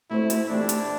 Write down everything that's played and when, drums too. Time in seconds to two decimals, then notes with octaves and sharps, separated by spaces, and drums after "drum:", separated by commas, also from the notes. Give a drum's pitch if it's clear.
0.10 A3 C4 E4 F#4 A4 C5
0.30 drum: hi-hat
0.49 E3 A3 C4 D4 G4
0.69 drum: hi-hat